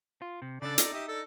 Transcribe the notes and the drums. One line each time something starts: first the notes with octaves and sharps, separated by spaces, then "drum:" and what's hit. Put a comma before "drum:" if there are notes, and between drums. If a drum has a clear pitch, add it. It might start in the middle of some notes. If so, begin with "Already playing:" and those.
F4
C3
C#3 D4 A4 D5
D#4, drum: hi-hat
G4 D#5 E5
D4 A4